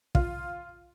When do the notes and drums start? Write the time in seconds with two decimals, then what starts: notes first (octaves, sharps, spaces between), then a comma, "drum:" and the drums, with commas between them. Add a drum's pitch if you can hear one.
0.15 F4, drum: kick